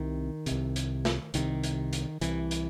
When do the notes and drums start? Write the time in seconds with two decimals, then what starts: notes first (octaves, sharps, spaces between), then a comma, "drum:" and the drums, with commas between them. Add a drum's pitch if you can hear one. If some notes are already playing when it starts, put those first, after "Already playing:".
Already playing: C2 C3 D#3
0.46 C2 C3, drum: hi-hat
0.76 drum: hi-hat
1.05 drum: snare
1.34 C2 C3 D#3, drum: hi-hat
1.63 drum: hi-hat
1.93 drum: hi-hat
2.21 C2 C3 E3, drum: hi-hat
2.51 drum: hi-hat